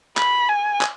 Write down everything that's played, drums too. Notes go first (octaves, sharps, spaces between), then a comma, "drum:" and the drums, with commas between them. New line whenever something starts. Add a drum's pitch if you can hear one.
B5, drum: clap
G#5
drum: clap